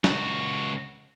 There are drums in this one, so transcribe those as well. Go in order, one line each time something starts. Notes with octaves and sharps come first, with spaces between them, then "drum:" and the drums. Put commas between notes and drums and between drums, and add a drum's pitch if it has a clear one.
C#2 F#4, drum: snare